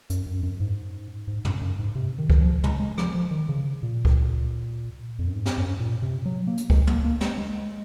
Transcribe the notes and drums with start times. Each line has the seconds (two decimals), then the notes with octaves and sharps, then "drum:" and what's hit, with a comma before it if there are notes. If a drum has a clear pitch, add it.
0.10 F#2, drum: hi-hat
0.26 F#2
0.39 F2
0.43 F#2
0.60 G#2
1.27 G#2
1.45 F#2, drum: tom
1.61 F#2
1.79 G#2
1.95 C3
2.18 D#3
2.30 drum: kick C#2
2.41 F3
2.63 G#3, drum: tom
2.80 G#3
2.98 F3, drum: rim click
3.15 F3
3.31 D#3
3.49 C#3
3.83 A#2
4.05 drum: kick C#2
5.19 F2
5.27 F#2
5.34 G#2
5.46 drum: snare
5.58 F#2
5.80 A#2
6.02 C3
6.26 F#3
6.47 A#3
6.57 drum: hi-hat
6.70 G#3, drum: kick C#2
6.87 A#3, drum: tom
7.05 A#3
7.21 G#3, drum: snare
7.38 G#3